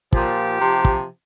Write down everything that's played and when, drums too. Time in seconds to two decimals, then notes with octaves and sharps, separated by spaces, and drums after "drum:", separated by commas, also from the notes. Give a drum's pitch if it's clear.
0.13 A#2 F3 G4, drum: kick
0.61 C3 F3
0.85 drum: kick